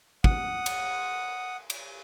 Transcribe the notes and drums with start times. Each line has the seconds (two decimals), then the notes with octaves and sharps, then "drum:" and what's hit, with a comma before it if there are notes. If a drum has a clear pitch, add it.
0.24 F#5 D#6, drum: kick
0.66 drum: cymbal
1.70 drum: cymbal